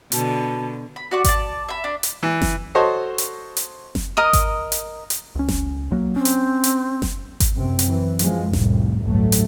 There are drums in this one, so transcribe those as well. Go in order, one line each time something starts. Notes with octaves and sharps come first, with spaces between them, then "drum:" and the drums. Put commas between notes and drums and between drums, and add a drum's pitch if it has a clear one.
B2 D3 F#4 A5 B5, drum: hi-hat
B5
F#4 D5 C#6
D5 A5, drum: kick G#1, hi-hat
E5 B5
D4
drum: hi-hat
E3
drum: snare F#1
F#4 A4 C5 C#5 D#5
drum: hi-hat
drum: hi-hat
drum: snare F#1
A#4 D#5 D#6
drum: kick G#1, hi-hat
drum: hi-hat
drum: hi-hat
C#2 C#4
drum: snare F#1
B1 F#3 A#3
C4 C#4
drum: hi-hat
drum: hi-hat
drum: snare F#1
drum: kick G#1, hi-hat
F#2 C3 C4
drum: hi-hat
E3
F#2 F3 G#3, drum: hi-hat
F1 C2 A2, drum: snare F#1
A1 D2 G2 F#3 A3
drum: hi-hat